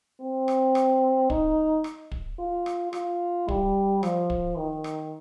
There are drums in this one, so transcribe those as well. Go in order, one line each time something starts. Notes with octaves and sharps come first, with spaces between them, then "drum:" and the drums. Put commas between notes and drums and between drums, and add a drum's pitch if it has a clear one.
C4
drum: rim click
drum: rim click
D#4, drum: kick
drum: rim click
drum: kick
F4
drum: rim click
F4, drum: rim click
G3, drum: kick
F3, drum: rim click
drum: kick
D#3
drum: rim click